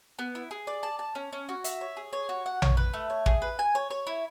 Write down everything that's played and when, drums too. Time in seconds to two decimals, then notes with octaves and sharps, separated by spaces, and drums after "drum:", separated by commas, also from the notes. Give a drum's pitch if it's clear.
0.19 B3
0.35 E4
0.51 G#4
0.67 D5
0.83 A5
0.99 A5
1.15 C#4
1.33 C#4
1.49 F#4
1.64 E5, drum: hi-hat
1.81 C#5
1.97 G#4
2.13 C#5
2.29 F#4
2.46 F#5
2.62 C#5, drum: tom A#1
2.77 B4
2.94 A3
3.10 C#5
3.26 G#4, drum: kick
3.42 B4
3.59 G#5
3.75 C#5
3.91 C#5
4.07 E4